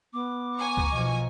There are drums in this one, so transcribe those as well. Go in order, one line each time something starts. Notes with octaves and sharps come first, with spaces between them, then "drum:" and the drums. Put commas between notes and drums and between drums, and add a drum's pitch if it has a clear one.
B3 D6
G#5 A#5 C#6
drum: kick C#2
B1 F3 D#5